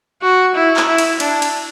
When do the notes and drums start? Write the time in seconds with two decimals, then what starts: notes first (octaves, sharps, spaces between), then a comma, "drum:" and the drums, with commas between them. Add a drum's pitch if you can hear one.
0.22 F#4
0.55 E4
0.77 drum: clap
0.87 E4
0.98 drum: cymbal
1.20 D4, drum: cymbal
1.42 drum: cymbal